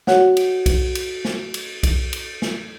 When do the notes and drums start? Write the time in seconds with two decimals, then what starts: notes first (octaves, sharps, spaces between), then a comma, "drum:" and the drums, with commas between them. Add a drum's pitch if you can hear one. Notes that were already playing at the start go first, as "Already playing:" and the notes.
0.07 F#4 C#5 F#5, drum: snare
0.37 drum: cymbal
0.66 drum: kick B1, cymbal
0.95 drum: cymbal
1.25 drum: snare
1.54 drum: cymbal
1.83 drum: kick B1, cymbal
2.13 drum: cymbal
2.42 drum: snare